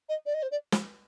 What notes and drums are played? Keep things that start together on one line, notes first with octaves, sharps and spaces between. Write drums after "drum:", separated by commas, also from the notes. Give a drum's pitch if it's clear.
D#5
D5
D#5
C5
D5
drum: snare